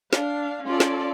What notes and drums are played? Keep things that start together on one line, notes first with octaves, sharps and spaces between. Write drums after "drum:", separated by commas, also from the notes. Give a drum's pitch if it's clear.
D4 F5, drum: snare
C#4 F4 A4 D5
drum: snare